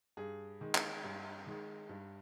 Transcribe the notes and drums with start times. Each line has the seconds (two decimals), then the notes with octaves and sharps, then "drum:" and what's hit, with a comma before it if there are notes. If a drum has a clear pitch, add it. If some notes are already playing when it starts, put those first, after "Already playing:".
0.17 G2 G#4
0.61 D#3 G#3
0.75 drum: clap
1.04 G2
1.46 D#3 G#3
1.89 G2